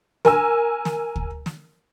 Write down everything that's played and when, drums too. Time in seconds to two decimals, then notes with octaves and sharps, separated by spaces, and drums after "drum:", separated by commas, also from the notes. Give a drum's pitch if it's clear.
0.25 A#4 G#5 E6, drum: snare
0.85 drum: snare
1.16 drum: kick D2
1.46 drum: snare